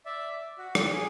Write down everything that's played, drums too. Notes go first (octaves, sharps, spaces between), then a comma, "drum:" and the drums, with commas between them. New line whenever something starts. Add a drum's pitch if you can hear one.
D5 E5
F#4
G4, drum: rim click
G#4